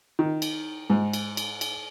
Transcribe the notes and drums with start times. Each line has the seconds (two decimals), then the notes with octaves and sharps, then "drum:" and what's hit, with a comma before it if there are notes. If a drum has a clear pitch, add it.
0.19 D#3
0.42 drum: cymbal
0.90 G#2
1.13 drum: cymbal
1.37 drum: cymbal
1.61 drum: cymbal